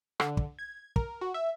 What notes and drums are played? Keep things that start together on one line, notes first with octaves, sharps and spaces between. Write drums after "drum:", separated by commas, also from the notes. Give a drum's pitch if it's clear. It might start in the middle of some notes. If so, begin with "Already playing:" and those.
D3, drum: rim click
drum: kick
G#6
A#4, drum: kick
F#4
E5